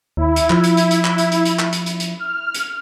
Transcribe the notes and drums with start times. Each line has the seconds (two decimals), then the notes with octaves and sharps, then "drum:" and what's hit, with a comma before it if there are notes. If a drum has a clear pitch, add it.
0.17 D#2 E4
0.36 drum: hi-hat
0.50 F3, drum: clap
0.64 drum: hi-hat
0.77 drum: hi-hat
0.91 drum: hi-hat
1.05 drum: clap
1.18 drum: hi-hat
1.32 drum: hi-hat
1.45 drum: hi-hat
1.59 drum: clap
1.73 drum: hi-hat
1.86 drum: hi-hat
2.00 drum: hi-hat
2.19 F6
2.55 drum: hi-hat